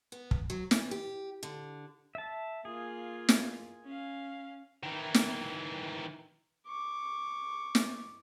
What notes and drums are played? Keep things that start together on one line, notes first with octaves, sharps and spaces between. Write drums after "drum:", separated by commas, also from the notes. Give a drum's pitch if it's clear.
B3
drum: kick
F#3
E3, drum: snare
G4
D3
E5 A5
A#3 F4 G#4
drum: snare
C#4 F5
D#3 E3
drum: snare
C#6 D6
drum: snare